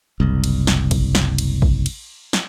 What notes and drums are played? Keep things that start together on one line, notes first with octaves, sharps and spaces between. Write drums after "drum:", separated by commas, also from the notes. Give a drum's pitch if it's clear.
F#1 C2
drum: cymbal
drum: snare
drum: kick A1, cymbal
drum: snare
drum: cymbal
drum: kick A1
drum: cymbal
drum: snare